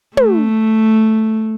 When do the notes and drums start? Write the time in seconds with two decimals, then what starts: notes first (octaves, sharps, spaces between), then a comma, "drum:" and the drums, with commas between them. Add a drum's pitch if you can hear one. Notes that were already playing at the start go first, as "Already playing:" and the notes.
0.17 A3, drum: tom